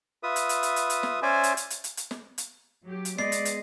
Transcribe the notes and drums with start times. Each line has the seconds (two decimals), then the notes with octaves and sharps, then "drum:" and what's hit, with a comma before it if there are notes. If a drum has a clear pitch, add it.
0.23 F4 B4 E5 D#6
0.36 drum: hi-hat
0.49 drum: hi-hat
0.63 drum: hi-hat
0.76 drum: hi-hat
0.90 drum: hi-hat
1.03 drum: snare
1.22 C#4 C5 D5 E5 G#5
1.43 drum: hi-hat
1.57 drum: hi-hat
1.70 drum: hi-hat
1.84 drum: hi-hat
1.97 drum: hi-hat
2.11 drum: snare
2.38 drum: hi-hat
2.83 F#3 G4
3.05 drum: hi-hat
3.18 G#3 B3 D5 D#5 C7, drum: snare
3.32 drum: hi-hat
3.45 drum: hi-hat